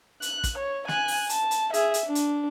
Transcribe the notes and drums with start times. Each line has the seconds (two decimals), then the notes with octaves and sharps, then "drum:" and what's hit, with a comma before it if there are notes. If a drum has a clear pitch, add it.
0.22 F#6, drum: hi-hat
0.44 drum: kick, hi-hat
0.59 C#5
0.88 G#5 F#6, drum: snare
1.08 drum: open hi-hat
1.29 A5, drum: hi-hat
1.51 drum: hi-hat
1.74 G#4 E5, drum: hi-hat
1.94 drum: hi-hat
2.06 D4
2.15 drum: hi-hat